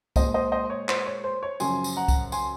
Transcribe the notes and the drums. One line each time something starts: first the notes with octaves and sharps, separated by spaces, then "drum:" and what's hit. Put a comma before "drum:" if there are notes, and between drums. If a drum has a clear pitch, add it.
A#2 G#3 C5 D#5, drum: kick C2, tambourine
C5 D#5
C5 D#5
C#5
C5, drum: clap
C#5
C5
C#5
F#2 C#3 F3 G#5 C6, drum: tambourine
drum: tambourine
F#5 A#5
drum: kick C2, tambourine
G#5 C6, drum: tambourine